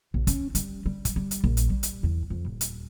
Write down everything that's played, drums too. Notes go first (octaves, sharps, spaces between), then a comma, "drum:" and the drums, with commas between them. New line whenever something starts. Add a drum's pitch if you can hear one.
A#1
C#4, drum: kick, hi-hat
G3, drum: hi-hat
G3
drum: kick, hi-hat
G3
drum: hi-hat
A#1
drum: hi-hat
G3
drum: hi-hat
E2
F2
D#1
drum: hi-hat